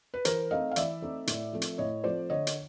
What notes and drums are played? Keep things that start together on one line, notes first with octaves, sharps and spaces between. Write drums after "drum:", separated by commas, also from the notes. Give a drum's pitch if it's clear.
B4
E3 A#4 C5, drum: hi-hat
A3 C4 D#4 D#5 F5
F5
E3 D5 E5, drum: hi-hat
A3 C4 D#4
A2, drum: hi-hat
F3 A3 C4
drum: hi-hat
A2 C#5 D#5
F3 A3 C4 C5 D5
D3 C#5 D#5
drum: hi-hat